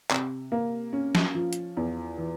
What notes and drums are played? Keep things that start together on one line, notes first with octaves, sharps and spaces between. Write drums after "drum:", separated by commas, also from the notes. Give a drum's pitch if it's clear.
C3, drum: clap
A#3
C#4
drum: snare
F3
drum: hi-hat
E2
E3